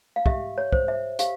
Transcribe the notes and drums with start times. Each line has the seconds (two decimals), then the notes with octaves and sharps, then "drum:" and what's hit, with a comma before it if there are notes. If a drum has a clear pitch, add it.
0.16 F5
0.26 G4 E5, drum: kick
0.58 C#5
0.72 C5, drum: kick
0.88 E5
1.19 G4 F5, drum: hi-hat